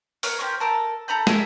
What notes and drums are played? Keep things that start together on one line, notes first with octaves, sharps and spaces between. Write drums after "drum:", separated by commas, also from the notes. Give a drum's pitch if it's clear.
B3 A#4 C#5 F6, drum: open hi-hat
G4 A#4 C5 C#5
A4 A#4 E6
A4 A#5 B5 G6
G#4 A#4 E5, drum: snare